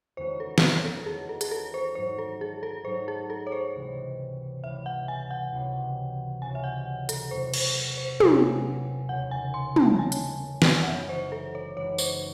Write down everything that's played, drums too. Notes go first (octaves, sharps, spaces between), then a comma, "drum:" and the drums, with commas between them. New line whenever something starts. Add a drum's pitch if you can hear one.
E2 D#3 G#3 C#4 F#4 C5
A4
G#4, drum: snare
A4
A4
E2 D#3 G#3 C#4 F#4 G#4
A4
G#4, drum: hi-hat
A4
C5
G#2 F#3 A3 D#4 C5
A4
G#4
A4
G#2 F#3 A3 D#4 C5
G#4
A4
C#5
C5
C#2 C3 E3 G#3
C#2 C3 E3 G#3 E5
F#5
G#5
F#5
C#2 C3 E3 C4 F#4
C#2 C3 E3 C4 F#4 G#5
E5
F#5
A4, drum: hi-hat
E1 E2 C3 F#3 C5
C5, drum: cymbal
C5
E1 E2 C3 F#3 G#5, drum: tom
E1 D#2 C#3 G#3 C#4 F#5
G#5
C6
A5, drum: tom
E1 D#2 C#3 G#3 C#4 G#5
drum: hi-hat
drum: snare
F#5
F#1 F#2 E3 G#3 D#4 E5
C5
A4
C#5
F#1 F#2 E3 G#3 D#4 C#5
C5, drum: tambourine